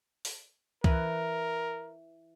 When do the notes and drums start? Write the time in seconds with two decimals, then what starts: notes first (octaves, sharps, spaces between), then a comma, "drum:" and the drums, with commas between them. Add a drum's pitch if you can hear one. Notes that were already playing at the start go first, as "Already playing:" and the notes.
0.25 drum: open hi-hat
0.84 E3 A#4 B4, drum: kick C2